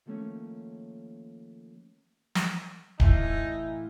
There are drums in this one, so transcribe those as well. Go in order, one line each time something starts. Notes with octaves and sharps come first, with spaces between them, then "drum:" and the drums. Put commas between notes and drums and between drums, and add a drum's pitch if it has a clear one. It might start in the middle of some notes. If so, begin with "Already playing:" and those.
D#3 F3 A3 A#3 C#4
drum: snare
A2 E3 D#4 F4 E5 G#5, drum: kick D1